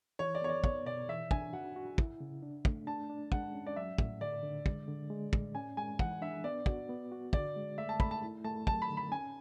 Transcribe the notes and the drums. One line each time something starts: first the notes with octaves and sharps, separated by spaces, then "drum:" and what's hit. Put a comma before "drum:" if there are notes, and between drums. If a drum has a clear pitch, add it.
E3 C#5
D5
B3 C#5
D5
B3 C#5, drum: kick
B2 D5
E3 E5
D4 G#5, drum: kick
F#4 F#5
F#4
E4, drum: kick
C#3
D4
A3, drum: kick
D4 A5
D4
G#3 F#5, drum: kick
C#4
D5
F#3 E5
A2, drum: kick
D3 D5
D3
G#3, drum: kick
D3
G#3
A2, drum: kick
C#4 G#5
G#3 G#5
E3 F#5, drum: kick
D4 E5
B3 D5
F#4, drum: kick
B3
F#4
D3 D5, drum: kick
G#3
A3 E5
A5
A3 B5, drum: kick
A5
E4
A3 A5
F#3 A5, drum: kick
B5
D3
B5
C#4 G#5